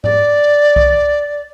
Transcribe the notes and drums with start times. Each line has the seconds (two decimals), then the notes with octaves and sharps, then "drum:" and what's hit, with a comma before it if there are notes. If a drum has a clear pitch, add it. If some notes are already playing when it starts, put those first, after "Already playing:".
0.04 D5, drum: tom G#2
0.76 drum: kick C2